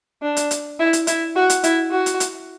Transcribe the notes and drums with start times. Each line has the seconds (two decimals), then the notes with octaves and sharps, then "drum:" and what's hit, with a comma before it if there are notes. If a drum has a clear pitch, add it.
0.22 D4
0.37 drum: hi-hat
0.51 drum: hi-hat
0.80 E4
0.93 drum: hi-hat
1.07 E4, drum: hi-hat
1.36 F#4
1.50 drum: hi-hat
1.64 E4, drum: hi-hat
1.91 F#4
2.06 drum: hi-hat
2.20 drum: hi-hat